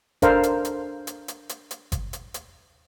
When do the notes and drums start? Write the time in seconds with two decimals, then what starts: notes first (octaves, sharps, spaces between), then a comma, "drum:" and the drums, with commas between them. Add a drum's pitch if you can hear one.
0.22 D4 A4 A#4 C5 F5, drum: kick G1, hi-hat
0.43 drum: hi-hat
0.65 drum: hi-hat
1.07 drum: hi-hat
1.28 drum: hi-hat
1.49 drum: hi-hat
1.71 drum: hi-hat
1.92 drum: kick G1, hi-hat
2.13 drum: hi-hat
2.34 drum: hi-hat